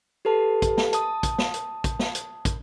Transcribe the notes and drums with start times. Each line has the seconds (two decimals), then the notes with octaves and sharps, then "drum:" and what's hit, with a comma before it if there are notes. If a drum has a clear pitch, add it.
0.25 G4 A4 B4 A5
0.62 drum: kick, hi-hat
0.77 drum: snare
0.93 A5 D#6, drum: hi-hat
1.23 drum: kick, hi-hat
1.38 drum: snare
1.54 drum: hi-hat
1.84 drum: kick, hi-hat
1.99 drum: snare
2.15 drum: hi-hat
2.45 drum: kick, hi-hat